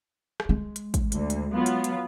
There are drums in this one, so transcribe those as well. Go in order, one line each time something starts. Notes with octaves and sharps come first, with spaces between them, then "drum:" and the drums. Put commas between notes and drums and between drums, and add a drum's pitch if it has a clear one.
drum: rim click
G#3
drum: hi-hat
drum: kick, hi-hat
D2, drum: hi-hat
drum: hi-hat
F#3 B3 F4
drum: hi-hat
drum: hi-hat